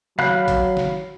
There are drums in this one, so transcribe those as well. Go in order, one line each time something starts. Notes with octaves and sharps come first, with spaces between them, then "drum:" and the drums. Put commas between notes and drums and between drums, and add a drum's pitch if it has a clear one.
F#3 F5 B5 F#6, drum: snare
drum: kick A1, hi-hat
drum: snare